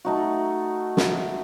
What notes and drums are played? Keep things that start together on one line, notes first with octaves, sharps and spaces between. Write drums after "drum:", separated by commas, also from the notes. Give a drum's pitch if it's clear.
A3 D#4 F#4
drum: snare